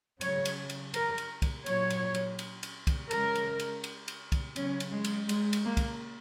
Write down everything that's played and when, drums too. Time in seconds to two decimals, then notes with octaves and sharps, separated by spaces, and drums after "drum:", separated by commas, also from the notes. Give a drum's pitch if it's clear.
0.21 C#3 F#3 C#5, drum: cymbal
0.45 drum: cymbal
0.70 drum: cymbal
0.94 A#4, drum: cymbal
1.18 drum: cymbal
1.42 drum: kick, cymbal
1.66 A#2 F#3 C#5, drum: cymbal
1.90 drum: cymbal
2.14 drum: cymbal
2.39 drum: cymbal
2.63 drum: cymbal
2.87 drum: kick, cymbal
3.11 C#3 G#3 A#4, drum: cymbal
3.35 drum: cymbal
3.59 drum: cymbal
3.84 drum: cymbal
4.08 drum: cymbal
4.32 drum: kick, cymbal
4.56 C#3 F#3 C#4, drum: cymbal
4.80 drum: cymbal
4.93 G#3
5.04 drum: cymbal
5.29 G#3, drum: cymbal
5.53 drum: cymbal
5.65 A#3
5.77 drum: kick, cymbal